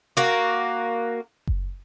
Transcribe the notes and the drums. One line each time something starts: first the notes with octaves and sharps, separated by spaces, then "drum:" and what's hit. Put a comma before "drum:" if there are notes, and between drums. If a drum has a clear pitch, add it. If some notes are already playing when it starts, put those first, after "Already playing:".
A#3 F#4
drum: kick F#1